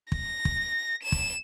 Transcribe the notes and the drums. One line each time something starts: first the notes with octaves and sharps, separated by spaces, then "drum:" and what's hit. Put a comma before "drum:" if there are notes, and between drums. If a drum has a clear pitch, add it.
A#6, drum: kick
drum: kick
E7
drum: kick